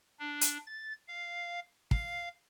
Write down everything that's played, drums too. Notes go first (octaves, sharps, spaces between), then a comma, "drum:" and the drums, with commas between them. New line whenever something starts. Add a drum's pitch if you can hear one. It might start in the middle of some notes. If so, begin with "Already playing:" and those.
D4
drum: hi-hat
A6
F5
F5, drum: kick